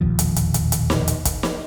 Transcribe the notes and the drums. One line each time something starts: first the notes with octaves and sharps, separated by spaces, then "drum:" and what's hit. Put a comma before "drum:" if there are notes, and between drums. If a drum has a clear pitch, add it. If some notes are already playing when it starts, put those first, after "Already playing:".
E1 A#1 D#2 F3
drum: hi-hat
drum: hi-hat
drum: hi-hat
drum: hi-hat
drum: snare
drum: hi-hat
drum: kick, hi-hat
drum: snare